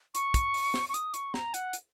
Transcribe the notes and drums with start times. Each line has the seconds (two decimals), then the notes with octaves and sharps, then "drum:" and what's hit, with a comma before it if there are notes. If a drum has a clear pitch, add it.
0.15 C#6, drum: hi-hat
0.34 drum: kick, hi-hat
0.54 drum: open hi-hat
0.74 drum: snare
0.89 C#6
0.94 D#6, drum: hi-hat
1.14 C#6, drum: hi-hat
1.34 A#5, drum: snare
1.54 F#5, drum: hi-hat
1.73 drum: hi-hat